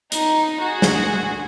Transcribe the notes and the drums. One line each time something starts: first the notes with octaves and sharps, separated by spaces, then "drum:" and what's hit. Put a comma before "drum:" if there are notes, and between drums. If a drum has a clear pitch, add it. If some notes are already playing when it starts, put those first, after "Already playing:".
D#4, drum: hi-hat
F#4 G#4
drum: snare